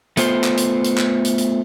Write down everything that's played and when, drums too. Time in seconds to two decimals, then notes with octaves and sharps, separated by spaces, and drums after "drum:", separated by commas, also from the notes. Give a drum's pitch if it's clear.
0.17 A3 B3 F4 C5, drum: hi-hat
0.44 drum: clap
0.57 drum: hi-hat
0.84 drum: hi-hat
0.98 drum: clap
1.25 drum: hi-hat
1.38 drum: hi-hat